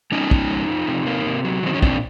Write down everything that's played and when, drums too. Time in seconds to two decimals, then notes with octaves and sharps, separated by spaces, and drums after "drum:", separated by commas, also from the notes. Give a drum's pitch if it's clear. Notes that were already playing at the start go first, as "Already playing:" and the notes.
0.12 G3 C#4 D#4
0.31 G#3, drum: kick
0.50 F2
0.70 F3
0.87 C3
1.07 A#3
1.26 C3
1.45 F#3
1.63 D#3 C4
1.74 C#4
1.82 A#2 C4 D4, drum: kick